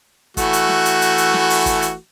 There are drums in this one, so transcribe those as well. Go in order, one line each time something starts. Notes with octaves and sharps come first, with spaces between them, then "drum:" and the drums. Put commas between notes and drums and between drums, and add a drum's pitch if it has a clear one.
E3 A3 F#4, drum: kick, hi-hat
drum: hi-hat
drum: snare
drum: hi-hat
drum: hi-hat
drum: hi-hat
drum: snare
drum: open hi-hat
drum: kick, hi-hat
drum: hi-hat